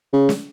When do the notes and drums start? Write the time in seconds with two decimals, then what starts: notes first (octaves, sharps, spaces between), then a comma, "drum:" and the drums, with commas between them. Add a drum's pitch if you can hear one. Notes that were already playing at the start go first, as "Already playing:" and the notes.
0.13 C#3
0.29 drum: snare